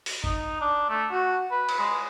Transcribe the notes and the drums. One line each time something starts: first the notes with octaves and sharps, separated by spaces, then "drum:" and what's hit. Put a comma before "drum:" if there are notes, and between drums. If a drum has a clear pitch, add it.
drum: open hi-hat
D#4, drum: kick G1
D4
A3
F#4
B4
drum: cymbal
G#3